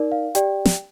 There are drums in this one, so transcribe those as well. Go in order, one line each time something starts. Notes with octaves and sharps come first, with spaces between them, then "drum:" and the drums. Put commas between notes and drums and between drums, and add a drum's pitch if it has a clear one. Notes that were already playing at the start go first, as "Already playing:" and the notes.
Already playing: D#4 A#4 D5
F5
G4 D5 G5, drum: hi-hat
drum: snare